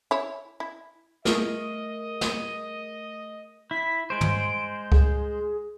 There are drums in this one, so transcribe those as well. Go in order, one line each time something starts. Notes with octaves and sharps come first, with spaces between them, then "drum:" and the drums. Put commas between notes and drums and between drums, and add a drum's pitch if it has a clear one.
E4 C#5
E4
A3 G#4 A#4 D#5, drum: snare
drum: snare
E4 B6
G#3 C5 D7
drum: tom
G#4, drum: kick C#2